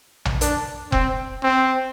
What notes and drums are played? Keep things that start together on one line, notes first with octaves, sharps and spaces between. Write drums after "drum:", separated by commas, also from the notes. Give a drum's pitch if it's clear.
drum: tom A#1
D4, drum: hi-hat
C4, drum: kick F1
C4